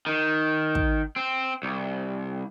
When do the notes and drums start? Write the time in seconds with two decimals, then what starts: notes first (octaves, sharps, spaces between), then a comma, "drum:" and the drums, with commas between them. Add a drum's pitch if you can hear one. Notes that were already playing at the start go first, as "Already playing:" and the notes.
0.07 D#3
0.75 drum: kick
1.16 C4
1.63 C2